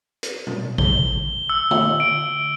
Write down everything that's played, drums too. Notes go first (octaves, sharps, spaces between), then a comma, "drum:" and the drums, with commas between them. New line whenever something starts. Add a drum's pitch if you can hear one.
drum: hi-hat
drum: tom B2
G7, drum: kick G#1
E6
drum: tom D3
D7